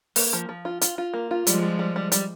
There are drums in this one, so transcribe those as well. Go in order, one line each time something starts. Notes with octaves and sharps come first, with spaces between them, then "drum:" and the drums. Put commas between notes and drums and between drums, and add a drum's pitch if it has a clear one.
A#3, drum: open hi-hat
F3
F3
F4
F4, drum: hi-hat
F4
A#3
F4
F3 G3 G#3, drum: hi-hat
G3
G3
G3
G3, drum: hi-hat